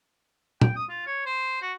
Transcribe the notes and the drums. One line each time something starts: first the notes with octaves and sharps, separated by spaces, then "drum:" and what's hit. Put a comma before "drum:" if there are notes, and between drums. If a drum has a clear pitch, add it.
G5, drum: tom A#2
D#6
F4
C#5
C5
F#4